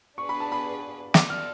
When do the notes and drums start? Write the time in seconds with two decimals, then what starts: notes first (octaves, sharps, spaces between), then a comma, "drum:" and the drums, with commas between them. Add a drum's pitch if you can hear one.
0.18 D4 G#4 B4 C#6
0.29 B5
0.40 A5
0.52 B5
1.14 F4 A4 D5 D6, drum: snare
1.30 F6